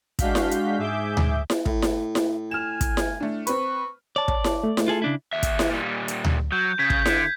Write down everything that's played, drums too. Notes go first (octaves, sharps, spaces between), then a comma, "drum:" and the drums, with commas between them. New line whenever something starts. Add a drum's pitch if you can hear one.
G#3 D4 F#4 F5 G6 B6, drum: kick, hi-hat
drum: snare E4
drum: hi-hat
G#2 G#4 E5 D6 G6
drum: tom D2
drum: snare E4
A2, drum: kick
drum: snare E4
drum: snare E4
G#5 F6 E7
drum: kick, hi-hat
drum: snare E4
A3 D4
C4 B4 C#6, drum: hi-hat
C#5 D5 A5
drum: kick
drum: snare E4
A3
drum: snare E4
F4 G#4 A4
C#3 D4 E4
D#2 E5
drum: kick, hi-hat
drum: snare E4
A#2 G3
drum: hi-hat
drum: tom D2
F#3 G6
C#3 G#6 B6
drum: kick
D3, drum: snare E4